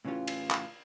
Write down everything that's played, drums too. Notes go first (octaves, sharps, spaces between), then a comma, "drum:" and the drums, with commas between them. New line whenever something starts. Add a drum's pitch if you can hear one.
A2 C#3 E3 C#4 F4 G4
drum: cymbal
drum: clap